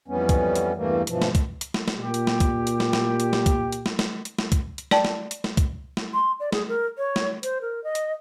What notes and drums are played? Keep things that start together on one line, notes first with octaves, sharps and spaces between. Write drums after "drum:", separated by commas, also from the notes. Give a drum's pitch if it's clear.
F2 E3 G3 B3 C#4
drum: kick, hi-hat
drum: hi-hat
E2 G2 E3 G3 A3 A#3
G2 B2 E3 F3, drum: hi-hat
drum: snare
drum: kick, hi-hat
drum: hi-hat
drum: snare
drum: snare
A#2 G4
drum: hi-hat
drum: snare
drum: kick, hi-hat
drum: hi-hat
drum: snare
drum: snare
drum: hi-hat
drum: snare
drum: kick, hi-hat
drum: hi-hat
drum: snare
drum: snare
drum: hi-hat
drum: snare
drum: kick, hi-hat
drum: hi-hat
D5 G5 A5, drum: snare
drum: snare
drum: hi-hat
drum: snare
drum: kick, hi-hat
drum: snare
C6
D5
G#4, drum: snare
A#4
C#5
drum: snare
C5, drum: hi-hat
A#4
D#5
drum: hi-hat